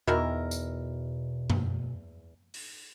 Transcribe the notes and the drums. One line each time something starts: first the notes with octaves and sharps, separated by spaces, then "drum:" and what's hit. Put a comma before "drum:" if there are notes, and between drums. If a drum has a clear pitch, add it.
E2 B2 D#3 E4 A#4
drum: tambourine
drum: tom F#2
drum: open hi-hat